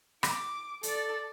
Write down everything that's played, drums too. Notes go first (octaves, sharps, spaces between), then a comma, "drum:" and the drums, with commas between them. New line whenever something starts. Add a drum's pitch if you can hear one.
D6, drum: rim click
A4 D5, drum: hi-hat